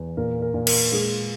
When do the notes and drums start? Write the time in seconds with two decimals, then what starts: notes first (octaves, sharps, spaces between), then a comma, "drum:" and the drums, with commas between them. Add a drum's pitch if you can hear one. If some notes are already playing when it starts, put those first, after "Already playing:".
Already playing: E2
0.17 A#2 A#4
0.42 A#4
0.54 A#2
0.67 A#4, drum: cymbal
0.92 G#3 G#4